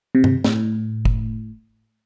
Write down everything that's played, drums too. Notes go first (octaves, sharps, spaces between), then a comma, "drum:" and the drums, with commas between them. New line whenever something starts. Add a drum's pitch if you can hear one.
C3
drum: tom G2
A2, drum: snare
drum: kick